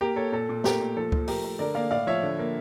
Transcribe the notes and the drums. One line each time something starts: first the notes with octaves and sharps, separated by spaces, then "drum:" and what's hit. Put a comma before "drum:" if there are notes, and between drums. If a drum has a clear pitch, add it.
A#3 G4 A#4
A#3 A4 C#5
A#2 A4
A#2
A3 G4 A#4, drum: snare
A#2
F3 A4
F3, drum: kick C#2
A3 G4 A#4, drum: open hi-hat
A3
D3 A#4 D5
A#3 D5 F5
A2 D5 F5
F3 C#5 E5
D3
A#3